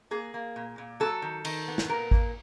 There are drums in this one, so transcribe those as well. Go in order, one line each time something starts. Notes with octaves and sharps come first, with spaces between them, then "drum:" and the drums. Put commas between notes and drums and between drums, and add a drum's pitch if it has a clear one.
A#3 G#4
A#3
A#2
A#2
F#3 A4
D#3
D#3, drum: cymbal
B3
drum: snare
A#2 A#4
A#3, drum: kick G#1